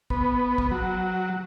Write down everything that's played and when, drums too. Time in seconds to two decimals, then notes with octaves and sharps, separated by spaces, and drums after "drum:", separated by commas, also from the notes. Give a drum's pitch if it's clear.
0.10 B3, drum: kick
0.58 drum: kick
0.71 F#3